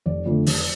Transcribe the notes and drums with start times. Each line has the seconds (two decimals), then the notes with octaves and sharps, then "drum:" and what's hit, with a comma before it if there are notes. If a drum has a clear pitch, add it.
0.06 F1 D5
0.26 F2 D3 A3
0.46 F1, drum: open hi-hat